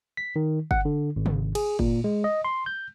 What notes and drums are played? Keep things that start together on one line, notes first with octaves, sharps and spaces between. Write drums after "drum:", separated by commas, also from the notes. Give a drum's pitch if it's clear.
B6
D#3
F#5, drum: kick G1
D3
G#1
drum: tom
G#4, drum: cymbal
A#2, drum: kick G1
G#3
D#5
C6
G6